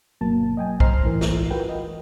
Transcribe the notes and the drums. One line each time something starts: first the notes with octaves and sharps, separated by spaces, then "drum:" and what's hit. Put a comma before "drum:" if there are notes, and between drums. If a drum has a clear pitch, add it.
G1 B2 F#3 A#3 A5
D#5 G5 G#5
C5 D#5 A#5 C6 F6 C7, drum: kick B1
G1 A2 E3 A#4
drum: snare
F4 F#4 A#4 B4 F#5 G5
D#5